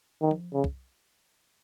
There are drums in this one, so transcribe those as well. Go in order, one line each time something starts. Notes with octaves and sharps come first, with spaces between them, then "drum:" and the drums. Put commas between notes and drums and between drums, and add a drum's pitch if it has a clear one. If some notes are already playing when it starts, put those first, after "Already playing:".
D#3
drum: tom F3
C#3
drum: kick